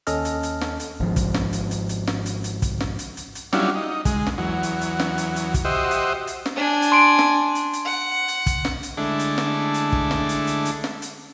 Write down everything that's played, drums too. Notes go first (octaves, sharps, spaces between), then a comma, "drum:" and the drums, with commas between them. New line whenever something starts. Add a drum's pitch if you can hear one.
D#2 C#4 A4 D#5 F6, drum: hi-hat
drum: hi-hat
drum: hi-hat
drum: snare
drum: hi-hat
G#1 F3
drum: kick, hi-hat
drum: snare
drum: hi-hat
drum: hi-hat
drum: hi-hat
drum: snare
drum: hi-hat
drum: hi-hat
drum: kick, hi-hat
drum: snare
drum: hi-hat
drum: hi-hat
drum: hi-hat
F#3 G3 C#4 D4 E4 F4, drum: snare
D#4
G#3, drum: kick, hi-hat
drum: snare
E2 F#3
drum: hi-hat
drum: hi-hat
drum: snare
drum: hi-hat
drum: hi-hat
drum: kick, hi-hat
F#4 G4 C5 D#5 E5
drum: hi-hat
drum: hi-hat
drum: snare
D4 G#5
drum: hi-hat
C6 D7
drum: snare
drum: hi-hat
drum: hi-hat
F#5
drum: hi-hat
drum: kick, hi-hat
drum: snare
drum: hi-hat
D3 G#3 A3 D4 E4
drum: hi-hat
drum: snare
drum: hi-hat
drum: kick
drum: snare
drum: hi-hat
drum: hi-hat
drum: hi-hat
drum: snare
drum: hi-hat